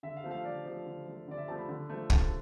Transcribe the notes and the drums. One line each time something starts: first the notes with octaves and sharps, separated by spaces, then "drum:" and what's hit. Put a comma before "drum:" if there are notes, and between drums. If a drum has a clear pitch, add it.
D3 E5
F5
F3 A3
F5
D3 D5
F3 A3
D3
F3 A3
D3 D5
E5
F3 A3 A5
B5
D3
F3 A3
D3 A5, drum: kick